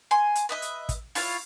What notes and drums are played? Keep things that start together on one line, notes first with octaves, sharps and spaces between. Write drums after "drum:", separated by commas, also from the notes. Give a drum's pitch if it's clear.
G#5 C6
drum: hi-hat
B4 D#5 E5
drum: hi-hat
drum: kick, hi-hat
E4 F4 C#5 F5, drum: open hi-hat